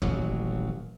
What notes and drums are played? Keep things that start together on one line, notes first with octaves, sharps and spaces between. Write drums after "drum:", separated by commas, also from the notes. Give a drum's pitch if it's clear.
D#1 A1 F#3, drum: kick